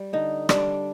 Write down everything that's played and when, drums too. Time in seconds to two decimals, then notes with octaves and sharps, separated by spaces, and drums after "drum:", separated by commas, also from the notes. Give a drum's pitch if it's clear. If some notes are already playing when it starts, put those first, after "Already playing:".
Already playing: G3
0.13 D3 D#4
0.49 G3 D4, drum: rim click